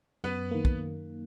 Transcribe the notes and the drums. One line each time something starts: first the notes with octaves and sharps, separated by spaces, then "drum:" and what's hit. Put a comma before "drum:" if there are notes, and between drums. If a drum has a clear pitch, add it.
F#2 B3 B4
D#3 A#3
drum: kick